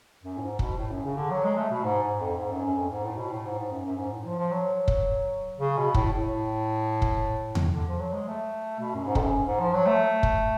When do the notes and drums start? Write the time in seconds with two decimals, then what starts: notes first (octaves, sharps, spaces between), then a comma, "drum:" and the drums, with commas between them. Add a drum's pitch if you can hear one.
0.23 F#2
0.37 A2
0.41 G#2
0.59 B2, drum: kick
0.77 A2
0.91 F#2
1.04 C#3
1.17 D3
1.31 F#3
1.44 G#3
1.57 A3
1.70 B2
1.84 G#2
2.02 G#2
2.20 F2
2.37 G#2
2.52 F#2
2.64 F#2
2.77 F2
2.91 G#2
3.05 A2
3.18 B2
3.32 A2
3.45 G#2
3.59 G#2
3.72 F#2
3.85 F#2
3.98 G#2
4.12 A2
4.25 F3
4.38 F3
4.51 F#3
4.88 drum: kick
5.59 C#3
5.77 B2
5.94 A2, drum: kick
6.13 A2
7.02 drum: kick
7.55 drum: tom E2
7.73 D3
7.87 F3
8.00 F#3
8.13 G#3
8.27 A3
8.80 B2
8.94 F#2
9.07 G#2
9.15 F2, drum: kick
9.21 F#2
9.47 G#2
9.60 F3
9.74 F#3
9.87 A3
10.23 drum: kick